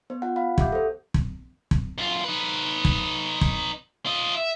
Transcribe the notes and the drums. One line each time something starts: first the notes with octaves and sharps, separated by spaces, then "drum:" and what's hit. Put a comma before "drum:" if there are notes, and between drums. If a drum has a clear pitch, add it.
B3 C5
F4 F#5
F5 B5
G4 E5 F#5 D6 G6, drum: kick
A4 C5
drum: kick
drum: kick
F#2 F4
D#4 B4
drum: kick
drum: kick
F4 D#5
E5